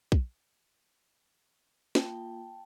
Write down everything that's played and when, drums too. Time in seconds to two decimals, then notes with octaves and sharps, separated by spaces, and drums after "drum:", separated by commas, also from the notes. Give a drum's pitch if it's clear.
0.12 drum: kick
1.95 A#3 F4 G5 A5, drum: snare